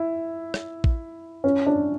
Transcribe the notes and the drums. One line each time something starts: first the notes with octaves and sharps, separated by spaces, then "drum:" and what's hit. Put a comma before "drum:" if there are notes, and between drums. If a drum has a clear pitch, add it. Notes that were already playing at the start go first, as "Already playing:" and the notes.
Already playing: E4
drum: rim click
drum: kick A1
C#4
D4